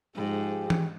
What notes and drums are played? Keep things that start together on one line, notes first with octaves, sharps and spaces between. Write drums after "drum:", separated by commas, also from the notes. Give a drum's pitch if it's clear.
G#2 F3 G4 G#4
drum: tom E3